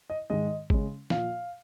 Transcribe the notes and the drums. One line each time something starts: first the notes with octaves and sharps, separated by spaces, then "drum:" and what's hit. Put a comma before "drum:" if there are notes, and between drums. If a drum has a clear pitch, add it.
D#5
G#2 D#3 G#3 D#5
C#3 G#3, drum: kick G#1
A#2 F3 A#3 F5, drum: snare